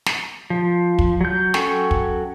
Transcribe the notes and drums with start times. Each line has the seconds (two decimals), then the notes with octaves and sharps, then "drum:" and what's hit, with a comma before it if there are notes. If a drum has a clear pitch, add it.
0.06 drum: snare
0.50 F3
0.99 drum: kick
1.21 F#3 G6
1.54 F#3 C#4 A4 G5 C#6, drum: snare
1.91 drum: kick